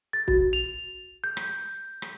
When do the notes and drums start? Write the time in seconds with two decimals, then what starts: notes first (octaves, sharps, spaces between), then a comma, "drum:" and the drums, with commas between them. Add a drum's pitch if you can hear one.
0.13 A6
0.28 F#4, drum: kick
0.53 F7
1.24 G6
1.37 drum: rim click
2.02 drum: rim click